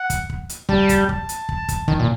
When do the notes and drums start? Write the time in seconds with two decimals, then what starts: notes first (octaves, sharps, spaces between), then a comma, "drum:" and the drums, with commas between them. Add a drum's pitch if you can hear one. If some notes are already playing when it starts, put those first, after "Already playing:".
Already playing: F#5
0.10 drum: kick, hi-hat
0.30 drum: kick
0.49 drum: hi-hat
0.69 G3 A5, drum: kick
0.89 drum: kick, hi-hat
0.99 A5
1.09 drum: kick
1.29 drum: hi-hat
1.49 drum: kick
1.69 drum: kick, hi-hat
1.88 D#3, drum: kick
1.99 A#2